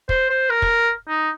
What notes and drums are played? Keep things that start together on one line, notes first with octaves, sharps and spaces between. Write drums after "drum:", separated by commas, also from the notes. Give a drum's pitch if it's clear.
C5, drum: kick
C5
A#4
drum: kick
D#4